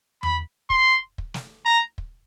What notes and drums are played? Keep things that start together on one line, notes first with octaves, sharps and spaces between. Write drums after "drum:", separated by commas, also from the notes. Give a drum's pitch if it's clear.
B5, drum: tom E2
C6, drum: kick
drum: kick
drum: snare
A#5
drum: kick